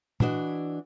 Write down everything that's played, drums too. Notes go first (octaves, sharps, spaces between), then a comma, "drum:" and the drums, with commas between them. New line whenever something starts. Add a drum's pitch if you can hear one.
E3 D4 F#4 D#5, drum: tom